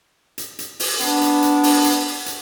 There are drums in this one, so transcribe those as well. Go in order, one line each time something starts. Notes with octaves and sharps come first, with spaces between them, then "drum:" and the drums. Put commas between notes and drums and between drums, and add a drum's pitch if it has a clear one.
drum: hi-hat
drum: hi-hat
drum: open hi-hat
B3 D4, drum: hi-hat
drum: hi-hat
drum: hi-hat
drum: open hi-hat
drum: hi-hat
drum: hi-hat